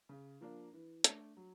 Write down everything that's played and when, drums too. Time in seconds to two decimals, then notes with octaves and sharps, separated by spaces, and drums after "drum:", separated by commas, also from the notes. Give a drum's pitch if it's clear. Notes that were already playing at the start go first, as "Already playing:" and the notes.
0.09 C#3
0.41 F3 A#3 D4
0.73 E3
1.04 A3 D4, drum: hi-hat
1.37 F#3